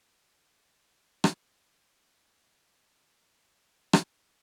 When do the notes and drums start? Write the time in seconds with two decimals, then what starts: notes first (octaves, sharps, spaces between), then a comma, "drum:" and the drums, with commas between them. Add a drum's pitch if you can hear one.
0.23 D#4
0.56 D4
1.24 drum: rim click
1.92 D#4
2.58 F4
2.92 F#4
3.26 G4
3.60 G#4
3.93 drum: rim click